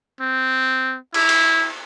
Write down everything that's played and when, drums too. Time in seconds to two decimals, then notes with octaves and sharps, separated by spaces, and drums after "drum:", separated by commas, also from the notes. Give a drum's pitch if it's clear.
0.20 C4
1.14 E4, drum: cymbal
1.29 drum: cymbal